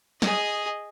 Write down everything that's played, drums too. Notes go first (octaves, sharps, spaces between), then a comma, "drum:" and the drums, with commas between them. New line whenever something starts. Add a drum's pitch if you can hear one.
G#4 D#5, drum: snare